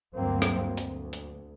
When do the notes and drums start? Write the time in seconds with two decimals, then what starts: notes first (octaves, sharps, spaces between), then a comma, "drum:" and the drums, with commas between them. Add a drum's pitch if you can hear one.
0.15 D2 G2 F#3 A#3 C4
0.42 drum: rim click
0.77 D2, drum: hi-hat
1.13 drum: hi-hat